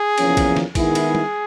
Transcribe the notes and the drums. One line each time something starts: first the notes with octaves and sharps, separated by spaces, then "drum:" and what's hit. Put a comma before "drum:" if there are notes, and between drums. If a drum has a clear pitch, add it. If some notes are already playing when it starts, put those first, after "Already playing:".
Already playing: G#4
E2 C3 F3 A#3 C#4, drum: cymbal
drum: kick, cymbal
drum: snare
D#3 G#3 B3 E4 G#4, drum: kick, cymbal
drum: cymbal
drum: tom